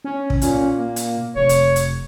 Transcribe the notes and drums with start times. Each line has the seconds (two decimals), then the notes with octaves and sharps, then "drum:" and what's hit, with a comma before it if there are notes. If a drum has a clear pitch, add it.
0.05 C#4
0.30 drum: kick
0.42 A#2 C#4, drum: hi-hat
0.76 A#3
0.96 drum: hi-hat
1.36 F1 C#5
1.49 drum: hi-hat
1.76 drum: hi-hat